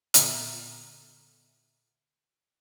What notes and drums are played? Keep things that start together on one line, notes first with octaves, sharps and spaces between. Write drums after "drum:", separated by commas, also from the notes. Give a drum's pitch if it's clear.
A#2 D3 B3 E5 A#5 F6, drum: hi-hat